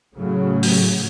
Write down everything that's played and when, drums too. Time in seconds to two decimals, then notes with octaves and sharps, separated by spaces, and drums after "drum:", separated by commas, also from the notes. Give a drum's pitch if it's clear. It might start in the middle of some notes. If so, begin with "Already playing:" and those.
0.16 A2 C#3 F#3
0.63 drum: open hi-hat